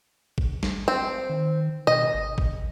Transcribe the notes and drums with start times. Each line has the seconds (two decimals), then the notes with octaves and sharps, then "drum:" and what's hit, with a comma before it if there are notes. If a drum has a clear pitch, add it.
0.38 drum: kick G#1
0.63 drum: snare
0.88 C4
1.29 D#3
1.87 B2 D#5
2.14 G#1
2.38 drum: kick G#1